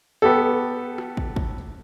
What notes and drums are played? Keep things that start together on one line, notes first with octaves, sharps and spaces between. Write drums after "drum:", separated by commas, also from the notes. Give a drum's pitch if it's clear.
B3 G4 A4
drum: rim click
drum: kick
drum: kick